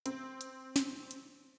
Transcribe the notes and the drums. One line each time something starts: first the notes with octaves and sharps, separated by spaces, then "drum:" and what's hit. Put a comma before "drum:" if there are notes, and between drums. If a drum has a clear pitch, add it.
C4, drum: hi-hat
drum: hi-hat
drum: snare
drum: hi-hat